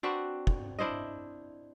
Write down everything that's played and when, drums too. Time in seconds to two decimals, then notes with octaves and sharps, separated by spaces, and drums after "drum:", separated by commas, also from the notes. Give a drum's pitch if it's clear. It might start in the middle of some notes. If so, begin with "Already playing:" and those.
0.03 C4 D4 F#4 B4
0.47 drum: kick
0.79 D4 E4 C5 D#5